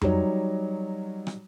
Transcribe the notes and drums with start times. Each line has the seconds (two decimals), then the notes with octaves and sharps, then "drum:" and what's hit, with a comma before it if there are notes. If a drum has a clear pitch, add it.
0.01 F#3 G3 D#4 C#5, drum: tom F2
1.27 drum: rim click